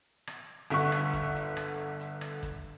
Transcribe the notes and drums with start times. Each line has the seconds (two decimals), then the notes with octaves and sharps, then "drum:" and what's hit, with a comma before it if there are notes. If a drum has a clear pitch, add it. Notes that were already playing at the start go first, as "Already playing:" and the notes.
0.27 drum: rim click
0.70 G1 D3 E5 F#5 C#6 F#6, drum: hi-hat
0.92 drum: rim click
1.14 drum: kick, hi-hat
1.35 drum: hi-hat
1.57 drum: rim click
2.00 drum: hi-hat
2.21 drum: rim click
2.43 drum: kick, hi-hat